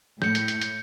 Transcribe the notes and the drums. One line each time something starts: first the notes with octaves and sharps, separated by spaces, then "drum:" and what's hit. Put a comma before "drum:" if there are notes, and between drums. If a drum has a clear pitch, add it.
A2 G6 C#7, drum: snare
drum: hi-hat
drum: hi-hat
drum: hi-hat